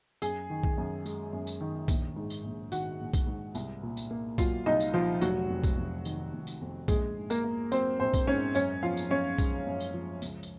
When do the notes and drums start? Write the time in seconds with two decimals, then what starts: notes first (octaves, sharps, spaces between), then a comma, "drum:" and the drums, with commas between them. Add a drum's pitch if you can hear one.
0.22 F#2 G#4 G#5, drum: tambourine
0.50 D#3
0.63 drum: kick B1
0.78 F#2
1.06 G#3, drum: tambourine
1.33 F#2
1.47 drum: tambourine
1.61 D#3
1.88 A#1, drum: kick B1, tambourine
2.16 G#2
2.30 drum: tambourine
2.44 A#1
2.72 D#3 F#4 F#5, drum: tambourine
2.99 A#1
3.14 drum: kick B1, tambourine
3.27 G#2
3.55 C2, drum: tambourine
3.83 A#2
3.97 drum: tambourine
4.11 A#3
4.38 F#3 F4 F5, drum: kick B1, tambourine
4.66 C2 D#4 D#5
4.80 drum: tambourine
4.94 A#2 F3 F4
5.21 F1 F#3 F#4, drum: tambourine
5.49 F2
5.64 drum: kick B1, tambourine
5.77 F1
6.05 D#3, drum: tambourine
6.33 F1
6.47 drum: tambourine
6.61 F2
6.88 A#1 G#3 G#4, drum: kick B1, tambourine
7.17 G#2
7.30 A#3 A#4, drum: tambourine
7.44 A#3
7.72 F#3 C4 C5, drum: tambourine
7.99 A#1 C4 C5
8.14 drum: kick B1, tambourine
8.27 G#2 C#4 C#5
8.55 F#2 C#4 C#5, drum: tambourine
8.83 F3 F4 F5
8.97 drum: tambourine
9.11 F#2 C#4 C#5
9.39 G#3, drum: kick B1, tambourine
9.67 F#2
9.80 drum: tambourine
9.94 F3
10.22 C#2, drum: tambourine
10.43 drum: tambourine